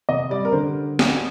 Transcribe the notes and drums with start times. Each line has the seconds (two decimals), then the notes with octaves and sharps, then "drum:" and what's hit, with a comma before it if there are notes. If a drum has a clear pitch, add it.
0.09 C3 D#5
0.30 G3 D5
0.45 A#4
0.52 D3 C5
0.99 drum: snare